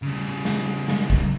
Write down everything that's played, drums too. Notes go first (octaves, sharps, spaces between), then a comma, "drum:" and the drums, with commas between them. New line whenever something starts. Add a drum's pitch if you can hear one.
C#3 G3
drum: snare
drum: snare
drum: kick